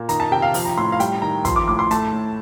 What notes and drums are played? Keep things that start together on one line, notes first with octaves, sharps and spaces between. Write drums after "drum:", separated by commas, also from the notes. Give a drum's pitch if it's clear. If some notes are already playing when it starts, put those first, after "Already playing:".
Already playing: A#2
D#3 A#5, drum: hi-hat
A5
C3 G5
F5
F3, drum: open hi-hat
A#5
A2 C6
F5
G3 G5, drum: hi-hat
D#3 A#5
F3 C6, drum: kick, hi-hat
D6
A2 D6
C6
A3 A5, drum: hi-hat
A2